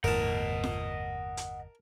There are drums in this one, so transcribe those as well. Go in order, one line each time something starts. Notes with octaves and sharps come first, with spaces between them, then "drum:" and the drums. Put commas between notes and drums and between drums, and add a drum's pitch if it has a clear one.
G1 E2 A2 A#4 D#5 F#5 A5, drum: kick
drum: snare
drum: hi-hat